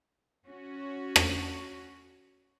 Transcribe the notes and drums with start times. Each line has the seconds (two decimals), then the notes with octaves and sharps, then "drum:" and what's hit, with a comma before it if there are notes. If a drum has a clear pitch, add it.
0.46 C#4 F#4
1.16 drum: rim click